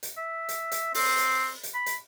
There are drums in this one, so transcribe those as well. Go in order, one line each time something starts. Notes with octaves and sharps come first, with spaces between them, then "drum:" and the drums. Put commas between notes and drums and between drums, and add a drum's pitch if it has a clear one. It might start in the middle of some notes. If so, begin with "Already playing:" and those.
drum: hi-hat
E5
drum: hi-hat
drum: hi-hat
C4, drum: open hi-hat
drum: hi-hat
drum: hi-hat
B5
drum: hi-hat